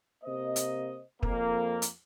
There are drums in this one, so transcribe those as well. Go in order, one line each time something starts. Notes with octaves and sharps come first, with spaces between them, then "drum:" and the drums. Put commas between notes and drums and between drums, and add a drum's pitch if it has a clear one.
C3 A#3 C5 D#5
drum: hi-hat
F2 A#3, drum: kick
drum: hi-hat